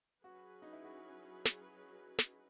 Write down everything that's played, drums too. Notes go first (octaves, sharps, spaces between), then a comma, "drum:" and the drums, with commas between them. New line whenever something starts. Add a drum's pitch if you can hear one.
F#3 C#4 F#4 G#4 B4
D#4
E4
F#4
drum: snare
drum: snare